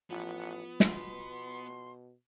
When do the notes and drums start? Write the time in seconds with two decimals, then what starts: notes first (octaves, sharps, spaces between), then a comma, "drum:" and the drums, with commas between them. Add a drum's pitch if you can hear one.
0.10 A1 F3 B3 F#5
0.80 B2 C6, drum: snare